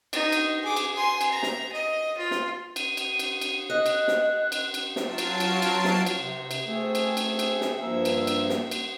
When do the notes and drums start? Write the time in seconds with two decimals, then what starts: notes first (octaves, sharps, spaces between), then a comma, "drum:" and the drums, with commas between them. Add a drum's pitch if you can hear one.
0.13 D#4, drum: cymbal
0.32 drum: cymbal
0.62 G#4 D6
0.77 drum: cymbal
0.95 G#5 C6
1.21 drum: cymbal
1.32 A#5
1.43 drum: snare
1.72 D#5
2.18 F4
2.31 drum: snare
2.76 D#7, drum: cymbal
2.97 drum: cymbal
3.19 drum: cymbal
3.41 drum: cymbal
3.70 D#5 F#6
3.86 drum: cymbal
4.08 drum: snare
4.52 drum: cymbal
4.74 drum: cymbal
4.96 F#3 F4 A5 C7 D7, drum: snare
5.18 drum: cymbal
5.40 drum: cymbal
5.62 drum: cymbal
5.84 drum: snare
6.06 drum: cymbal
6.20 C3
6.51 drum: cymbal
6.66 A3 C4 G#4 E5
6.95 drum: cymbal
7.17 drum: cymbal
7.39 drum: cymbal
7.61 drum: snare
7.80 G2 F3 A#3 E5
8.05 drum: cymbal
8.27 drum: cymbal
8.49 drum: snare
8.71 drum: cymbal